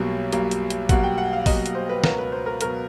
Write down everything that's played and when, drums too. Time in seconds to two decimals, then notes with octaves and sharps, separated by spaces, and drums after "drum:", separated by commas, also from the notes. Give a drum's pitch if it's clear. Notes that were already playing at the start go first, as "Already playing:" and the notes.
Already playing: B1 B2 G3 A#3
0.33 B1 B2 G3 A#3, drum: hi-hat
0.51 drum: hi-hat
0.70 drum: hi-hat
0.89 B1 B2 G3 A#3 F#5, drum: kick A1, hi-hat
1.03 G5
1.18 F#5
1.33 F5
1.46 B1 B2 G3 A#3 D#5, drum: kick A1, open hi-hat
1.66 drum: hi-hat
1.75 C5
1.89 B4
2.04 C#2 B2 F#3 B3 A#4, drum: snare
2.18 B4
2.32 C5
2.46 A#4
2.61 B2 F#3 B3 A#4, drum: hi-hat